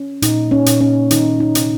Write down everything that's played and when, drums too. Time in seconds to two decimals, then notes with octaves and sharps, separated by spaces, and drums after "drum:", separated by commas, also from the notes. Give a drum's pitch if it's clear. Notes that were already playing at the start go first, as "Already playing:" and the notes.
Already playing: C#4
0.22 A#2 D#4, drum: hi-hat
0.51 C#4
0.66 A#2, drum: hi-hat
0.80 C#4
1.11 D#3 D#4, drum: hi-hat
1.40 D#4
1.55 C3, drum: hi-hat